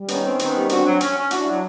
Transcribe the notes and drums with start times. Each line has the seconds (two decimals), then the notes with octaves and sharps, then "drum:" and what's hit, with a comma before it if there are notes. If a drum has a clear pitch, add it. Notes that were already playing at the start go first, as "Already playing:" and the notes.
Already playing: G3
0.08 D#3 B3 C#4, drum: hi-hat
0.24 C4
0.39 D#3 B3 C#4, drum: hi-hat
0.55 G3
0.69 C4 D4 F#4, drum: hi-hat
0.85 F#3
1.01 C#4, drum: hi-hat
1.16 C#4
1.31 D4 E4 F#4, drum: hi-hat
1.46 F#3